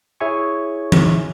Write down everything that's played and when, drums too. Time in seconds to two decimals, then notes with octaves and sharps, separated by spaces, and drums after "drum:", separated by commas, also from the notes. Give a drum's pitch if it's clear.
0.20 E4 G#4 C#5 E5 G#5 C#6
0.92 drum: tom E3